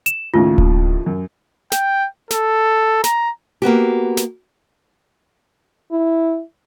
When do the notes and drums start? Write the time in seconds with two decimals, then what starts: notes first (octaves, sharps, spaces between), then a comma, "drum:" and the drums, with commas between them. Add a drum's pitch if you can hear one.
0.06 E7, drum: hi-hat
0.34 D#2 A2 C#3 F4
0.58 drum: kick D1
1.06 F#2
1.72 G5, drum: snare
2.31 A4, drum: snare
3.04 A#5, drum: snare
3.62 A#3 B3 F#4 G4
4.17 drum: snare
5.92 E4